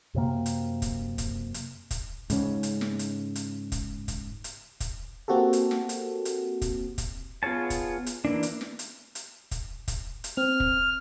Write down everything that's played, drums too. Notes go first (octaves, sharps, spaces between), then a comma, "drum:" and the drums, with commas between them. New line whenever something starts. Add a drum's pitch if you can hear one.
F#2 C3 A#3
drum: hi-hat
drum: kick, hi-hat
drum: kick, hi-hat
drum: hi-hat
drum: kick, hi-hat
G#2 C#3 C#4, drum: hi-hat
drum: hi-hat
drum: snare
drum: hi-hat
drum: hi-hat
drum: kick, hi-hat
drum: kick, hi-hat
drum: hi-hat
drum: kick, hi-hat
A#3 C4 F#4 G4 A4
drum: hi-hat
drum: snare
drum: hi-hat
drum: hi-hat
drum: kick, hi-hat
drum: kick, hi-hat
B3 F4 G#4 C#5 A5
drum: kick, hi-hat
drum: hi-hat
E3 A#3 D4
drum: hi-hat
drum: snare
drum: hi-hat
drum: hi-hat
drum: kick, hi-hat
drum: kick, hi-hat
drum: hi-hat
C4 F6
drum: kick